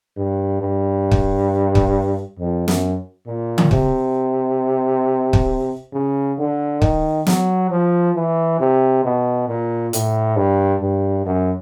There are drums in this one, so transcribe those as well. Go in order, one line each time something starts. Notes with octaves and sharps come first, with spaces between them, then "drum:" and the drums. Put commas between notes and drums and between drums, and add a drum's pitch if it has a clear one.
G2
G2
drum: kick
drum: kick
F2
F#2, drum: snare
A#2
drum: tom C#3
C3, drum: kick
drum: kick
C#3
D3
D#3, drum: kick
F#3, drum: snare
F3
E3
C3
B2
A#2
A2, drum: hi-hat
G2
G2
F#2